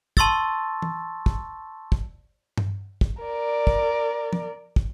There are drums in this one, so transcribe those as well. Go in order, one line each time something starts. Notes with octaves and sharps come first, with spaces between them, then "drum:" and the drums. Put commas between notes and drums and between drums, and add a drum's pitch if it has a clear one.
A5 C6 C#6 E6 A6, drum: kick
drum: tom E3
drum: kick
drum: kick
drum: tom G2
drum: kick
A#4 D5
drum: kick
drum: tom
drum: kick